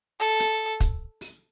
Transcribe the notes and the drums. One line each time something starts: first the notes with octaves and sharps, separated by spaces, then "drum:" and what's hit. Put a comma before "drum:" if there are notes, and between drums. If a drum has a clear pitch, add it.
A4
drum: hi-hat
drum: kick, hi-hat
drum: open hi-hat